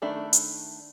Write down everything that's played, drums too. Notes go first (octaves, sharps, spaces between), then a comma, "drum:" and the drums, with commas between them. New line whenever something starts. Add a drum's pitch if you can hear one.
D#3 A3 D4 E5 B5
drum: hi-hat